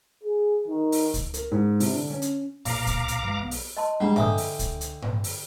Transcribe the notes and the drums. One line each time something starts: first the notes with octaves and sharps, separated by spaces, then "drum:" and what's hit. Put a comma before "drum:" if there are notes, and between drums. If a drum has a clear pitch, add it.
G#4
D#3
drum: open hi-hat
drum: kick C#2, hi-hat
A#4, drum: hi-hat
G#2
C3, drum: open hi-hat
D3
C#4
drum: hi-hat
B1 E2 A#2 F5 A#5 D6, drum: open hi-hat
drum: kick C#2, hi-hat
drum: hi-hat
G2 E3 G#3
B1 B3
drum: open hi-hat
D#5 A5 C6
G#2 G3 D4 F#5 A#5
D3 E5 G5 G#5 D6 D#6, drum: tom G#2
drum: open hi-hat
drum: kick C#2, hi-hat
drum: hi-hat
drum: tom G#2
drum: open hi-hat